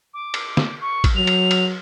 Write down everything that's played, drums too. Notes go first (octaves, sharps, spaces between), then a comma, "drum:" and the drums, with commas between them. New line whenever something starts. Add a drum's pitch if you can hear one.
D6
drum: cymbal
drum: snare
C#6
drum: kick A1, cymbal
F#3 F7
drum: cymbal
drum: cymbal